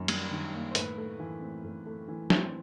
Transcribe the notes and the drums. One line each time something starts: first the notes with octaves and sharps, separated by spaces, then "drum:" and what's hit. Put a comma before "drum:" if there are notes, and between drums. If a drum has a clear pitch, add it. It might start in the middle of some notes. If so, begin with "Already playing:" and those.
Already playing: F#2 D#3 A#3
G3, drum: cymbal
D#3
A#3
C5
A2 B4, drum: hi-hat
A3
E3
C4
A2
A3
E3
C4, drum: snare